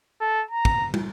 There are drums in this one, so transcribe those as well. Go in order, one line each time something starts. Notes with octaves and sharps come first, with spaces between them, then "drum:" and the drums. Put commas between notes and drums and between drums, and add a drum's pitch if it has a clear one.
A4
A#5
drum: kick
drum: tom